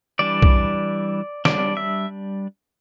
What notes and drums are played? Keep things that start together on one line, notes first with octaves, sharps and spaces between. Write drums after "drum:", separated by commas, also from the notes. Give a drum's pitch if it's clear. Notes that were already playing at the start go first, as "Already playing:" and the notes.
E3 G3 D4 D5
drum: kick
G3 D4 D5, drum: snare
E5